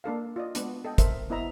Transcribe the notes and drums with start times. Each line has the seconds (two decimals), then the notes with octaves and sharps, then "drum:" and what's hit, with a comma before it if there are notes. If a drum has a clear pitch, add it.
0.04 A#3 D4 A4 F5
0.36 F4 D5 D#5
0.55 G#3 B3 D4, drum: hi-hat
0.85 A4 D#5 G5
0.98 A4 A#4 C5 E5, drum: kick, hi-hat
1.30 B3 E4 C5 D#5 E5 A#5